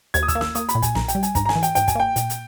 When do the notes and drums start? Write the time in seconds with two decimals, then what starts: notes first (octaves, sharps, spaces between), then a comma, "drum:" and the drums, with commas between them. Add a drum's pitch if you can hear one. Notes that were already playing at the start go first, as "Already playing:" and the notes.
0.14 D#2 G#6, drum: hi-hat
0.23 D#6
0.28 E6, drum: kick, hi-hat
0.35 A#3
0.41 E6, drum: snare
0.55 A#3 D#6, drum: hi-hat
0.69 B5, drum: hi-hat
0.75 A#2
0.82 G#5, drum: kick, hi-hat
0.95 B1 A#5, drum: snare
1.08 G5, drum: hi-hat
1.15 G3
1.23 G#5, drum: hi-hat
1.35 G#2 A#5, drum: kick, hi-hat
1.45 A#5
1.49 G#5, drum: snare
1.55 E3
1.63 G5, drum: hi-hat
1.75 G#2 G5, drum: hi-hat
1.88 G#5, drum: kick, hi-hat
1.95 A#3 G5
2.16 A#2, drum: hi-hat
2.30 drum: hi-hat